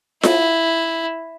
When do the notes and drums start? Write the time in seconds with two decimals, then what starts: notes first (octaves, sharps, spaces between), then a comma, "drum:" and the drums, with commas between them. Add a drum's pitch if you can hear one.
0.23 E4, drum: snare F4